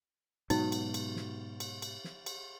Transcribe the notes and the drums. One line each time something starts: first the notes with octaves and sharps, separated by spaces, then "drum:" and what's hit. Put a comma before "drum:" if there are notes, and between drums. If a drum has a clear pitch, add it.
G#2 B2 F#3 D#4, drum: cymbal
drum: cymbal
drum: cymbal
drum: snare
drum: cymbal
drum: cymbal
drum: snare
drum: cymbal